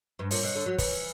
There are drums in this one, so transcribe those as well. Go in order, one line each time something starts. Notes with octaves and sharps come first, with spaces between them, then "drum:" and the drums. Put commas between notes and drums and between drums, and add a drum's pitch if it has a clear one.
G2
A#2 C#5, drum: open hi-hat
B2
D3 C#5
F#3
E3 B4, drum: kick, open hi-hat